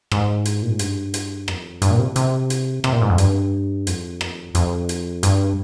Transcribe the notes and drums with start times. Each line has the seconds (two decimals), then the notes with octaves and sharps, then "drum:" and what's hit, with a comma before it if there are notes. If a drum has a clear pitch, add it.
0.11 G#2, drum: rim click
0.45 drum: hi-hat
0.62 A#2
0.71 G#2
0.79 G2, drum: hi-hat
1.14 drum: hi-hat
1.48 F2, drum: rim click
1.82 G2, drum: hi-hat
1.90 A#2
1.99 C3
2.16 C3, drum: hi-hat
2.50 drum: hi-hat
2.84 C3, drum: rim click
2.93 A#2
3.02 G#2
3.10 F2
3.18 G2, drum: hi-hat
3.87 F2, drum: hi-hat
4.21 drum: rim click
4.55 F2, drum: hi-hat
4.89 drum: hi-hat
5.23 G2, drum: hi-hat